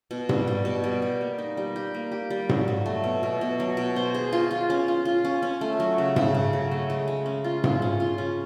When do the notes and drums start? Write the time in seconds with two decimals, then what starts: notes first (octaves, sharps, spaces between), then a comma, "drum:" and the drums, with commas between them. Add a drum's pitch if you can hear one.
0.11 B2
0.29 G3, drum: tom G#2
0.47 G3
0.65 B2
0.84 G3
1.02 G4
1.21 A#3
1.38 D#4
1.57 G3
1.76 G4
1.94 A#3
2.12 G4
2.30 G3
2.49 F#3, drum: tom G#2
2.68 F#3
2.86 A3
3.04 B2
3.23 B2
3.41 B2
3.60 F#3
3.77 B2
3.96 C5
4.14 G#4
4.33 F4
4.51 F4
4.70 C#4
4.88 F4
5.05 F4
5.25 C#4
5.43 C#4
5.61 A3
5.80 F#3
5.98 C#3
6.16 C#3, drum: tom G#2
6.35 C#3
6.53 F#3
6.71 A3
6.90 G#3
7.08 G#3
7.26 C#4
7.44 F4
7.64 F4, drum: tom G#2
7.82 C#4
8.00 F4
8.18 C#4